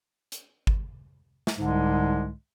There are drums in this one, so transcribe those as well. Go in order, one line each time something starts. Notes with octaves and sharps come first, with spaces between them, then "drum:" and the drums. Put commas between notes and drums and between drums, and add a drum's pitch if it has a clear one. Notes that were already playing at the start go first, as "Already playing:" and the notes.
drum: hi-hat
drum: kick G1
drum: snare
C2 G#2 D3 G#3